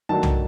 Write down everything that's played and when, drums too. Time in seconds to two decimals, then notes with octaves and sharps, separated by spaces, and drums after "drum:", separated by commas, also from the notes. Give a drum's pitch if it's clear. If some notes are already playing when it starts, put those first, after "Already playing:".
0.09 D#3 F#3 A3 D4 A5
0.23 drum: tom